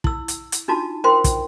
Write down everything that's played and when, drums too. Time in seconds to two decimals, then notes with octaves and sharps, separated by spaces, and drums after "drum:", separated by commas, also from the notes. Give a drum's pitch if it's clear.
0.04 E4 E6, drum: kick
0.28 drum: hi-hat
0.52 drum: hi-hat
0.68 D4 D#4 F4 F#4 A5
1.04 F4 A#4 C5 G5 C6
1.24 drum: kick, hi-hat